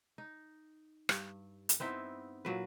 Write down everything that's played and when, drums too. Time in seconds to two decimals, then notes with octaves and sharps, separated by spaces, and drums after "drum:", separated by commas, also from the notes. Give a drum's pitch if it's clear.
0.18 D#4
1.09 G2, drum: rim click
1.69 drum: hi-hat
1.80 B3 C4 D#4 E4
2.45 A#2 F#3 B4